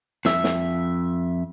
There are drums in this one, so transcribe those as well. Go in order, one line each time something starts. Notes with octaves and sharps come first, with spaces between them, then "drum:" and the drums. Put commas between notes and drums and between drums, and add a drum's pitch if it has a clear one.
F2 E5, drum: snare
drum: snare